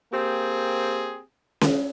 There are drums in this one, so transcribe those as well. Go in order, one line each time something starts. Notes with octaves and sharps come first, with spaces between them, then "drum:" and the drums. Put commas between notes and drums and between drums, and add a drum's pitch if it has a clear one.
A#3 C4 G4 G#4
drum: snare C#4